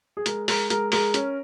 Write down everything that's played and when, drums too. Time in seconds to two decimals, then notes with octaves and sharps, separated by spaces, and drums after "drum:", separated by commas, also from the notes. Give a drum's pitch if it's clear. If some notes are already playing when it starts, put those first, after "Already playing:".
0.17 G#4
0.26 G#3 A#4, drum: hi-hat
0.48 G#3 A#4, drum: open hi-hat
0.70 G#3 A#4, drum: hi-hat
0.92 G#3 A#4, drum: open hi-hat
1.14 C#4, drum: hi-hat